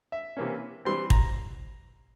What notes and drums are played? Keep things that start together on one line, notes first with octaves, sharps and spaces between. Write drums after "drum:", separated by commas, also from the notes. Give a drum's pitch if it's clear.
E5
C3 E3 A#3 C#4
E3 G3 C4 C6
A#5, drum: kick